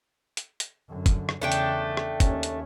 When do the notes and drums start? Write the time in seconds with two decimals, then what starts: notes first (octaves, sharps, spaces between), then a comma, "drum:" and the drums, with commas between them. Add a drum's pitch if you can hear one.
0.37 drum: hi-hat
0.60 drum: hi-hat
0.89 F#2 D3
1.06 drum: kick, hi-hat
1.29 drum: rim click
1.42 E2 C#3 A3 D4 G5
1.52 drum: hi-hat
1.97 drum: rim click
2.20 D#2 C#4, drum: kick, hi-hat
2.43 drum: hi-hat